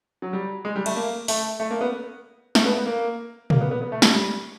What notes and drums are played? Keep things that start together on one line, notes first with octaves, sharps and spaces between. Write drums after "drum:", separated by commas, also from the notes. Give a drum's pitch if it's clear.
F#3
G3
G#3
G3
A3, drum: cymbal
A#3
A3, drum: open hi-hat
A3
A#3
B3
A3, drum: snare
B3
B3
A#3
A#3, drum: tom A#2
B3
B3
B3
A3
G3, drum: snare